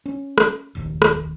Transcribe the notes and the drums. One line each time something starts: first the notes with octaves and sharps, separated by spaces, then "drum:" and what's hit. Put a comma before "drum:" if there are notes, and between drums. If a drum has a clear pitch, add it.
C#4
drum: rim click
F1 A#1 D#2
drum: rim click